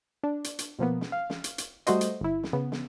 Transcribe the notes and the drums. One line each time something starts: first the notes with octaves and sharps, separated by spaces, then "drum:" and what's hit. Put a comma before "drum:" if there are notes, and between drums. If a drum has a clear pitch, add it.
D4
drum: hi-hat
drum: hi-hat
B2 F3 A#3 B3
drum: snare
F5
drum: snare
drum: hi-hat
drum: hi-hat
G3 A3 F#4 C5 D#5, drum: hi-hat
drum: hi-hat
G1 E4
drum: snare
C#3 B3
drum: snare